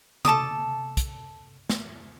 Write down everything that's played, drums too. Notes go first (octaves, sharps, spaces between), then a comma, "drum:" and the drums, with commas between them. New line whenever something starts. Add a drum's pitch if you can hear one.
A4 A5 D6 D#6, drum: tom C3
drum: kick, hi-hat
drum: snare